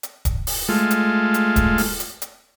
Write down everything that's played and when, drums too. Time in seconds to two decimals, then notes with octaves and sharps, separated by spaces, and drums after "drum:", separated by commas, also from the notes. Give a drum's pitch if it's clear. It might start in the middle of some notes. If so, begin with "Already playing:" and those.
0.03 drum: hi-hat
0.25 drum: kick, hi-hat
0.47 drum: open hi-hat
0.69 G#3 A3 F4
0.91 drum: hi-hat
1.34 drum: hi-hat
1.56 drum: kick, hi-hat
1.78 drum: open hi-hat
2.00 drum: hi-hat
2.22 drum: hi-hat